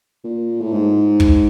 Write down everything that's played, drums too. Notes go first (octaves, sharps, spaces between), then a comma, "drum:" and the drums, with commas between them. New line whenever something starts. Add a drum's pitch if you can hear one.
A#2
A2
G#2
drum: kick